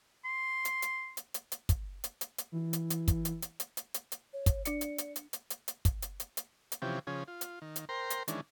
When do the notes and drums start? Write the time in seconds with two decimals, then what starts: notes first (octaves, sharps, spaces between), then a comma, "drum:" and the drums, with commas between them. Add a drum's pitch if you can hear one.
0.25 C6
0.65 drum: hi-hat
0.82 drum: hi-hat
1.17 drum: hi-hat
1.34 drum: hi-hat
1.52 drum: hi-hat
1.69 drum: kick, hi-hat
2.04 drum: hi-hat
2.21 drum: hi-hat
2.38 drum: hi-hat
2.52 E3
2.73 drum: hi-hat
2.90 drum: hi-hat
3.08 drum: kick, hi-hat
3.25 drum: hi-hat
3.42 drum: hi-hat
3.60 drum: hi-hat
3.77 drum: hi-hat
3.94 drum: hi-hat
4.12 drum: hi-hat
4.33 C#5
4.46 drum: kick, hi-hat
4.65 D4 D5 C#7, drum: hi-hat
4.81 drum: hi-hat
4.98 drum: hi-hat
5.16 drum: hi-hat
5.33 drum: hi-hat
5.50 drum: hi-hat
5.68 drum: hi-hat
5.85 drum: kick, hi-hat
6.02 drum: hi-hat
6.20 drum: hi-hat
6.37 drum: hi-hat
6.72 drum: hi-hat
6.82 C3 E3 F3 C#4 G4
7.07 C#3 F3 C#4 G#4
7.28 F4
7.41 drum: hi-hat
7.62 D#3
7.76 drum: hi-hat
7.89 A#4 C5 G5 A#5 C6
8.10 drum: hi-hat
8.28 D#3 E3 G#3 C#4 D4, drum: hi-hat